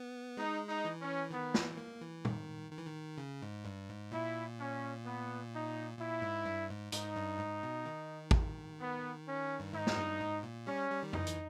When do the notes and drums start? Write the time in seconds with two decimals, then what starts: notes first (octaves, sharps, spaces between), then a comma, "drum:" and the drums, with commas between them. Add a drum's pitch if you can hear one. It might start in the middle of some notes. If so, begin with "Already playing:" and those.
Already playing: B3
0.37 G#3 D#4
0.68 D#4
0.85 E3
1.01 C#4
1.31 D#3 B3
1.54 E3, drum: snare
1.77 A#3
2.02 E3
2.25 D#3, drum: tom
2.71 D#3
2.78 E3
2.86 D#3
3.18 C#3
3.42 G#2
3.65 G2
3.89 G#2
4.12 A#2 E4
4.59 C#4
5.05 B3
5.53 D#4
5.98 A#2 E4
6.22 G#2
6.45 G2
6.69 G#2
6.92 G#2 D#4, drum: hi-hat
7.16 G2
7.39 G#2
7.63 B2
7.86 D#3
8.31 drum: kick
8.79 B3
9.27 C#4
9.60 G2
9.73 G#2 D#4
9.87 drum: snare
9.97 G2
10.20 G#2
10.43 A#2
10.67 G3 C#4
10.90 G3
11.03 D#3
11.13 E3 D#4, drum: tom F2
11.27 drum: hi-hat